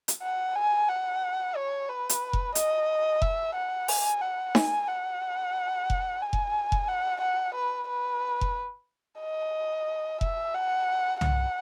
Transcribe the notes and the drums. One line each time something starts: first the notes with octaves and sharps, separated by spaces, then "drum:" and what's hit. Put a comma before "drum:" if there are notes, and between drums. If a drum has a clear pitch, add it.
drum: hi-hat
F#5
G#5
F#5
C#5
B4
drum: hi-hat
drum: kick F1
D#5, drum: hi-hat
E5, drum: kick F1
F#5
G#5, drum: open hi-hat
F#5
G#5, drum: snare D#4
F#5
drum: kick F1
G#5
drum: kick F1
drum: kick F1
F#5
F#5
B4
B4
drum: kick F1
D#5
E5, drum: kick F1
F#5
F#5, drum: tom C2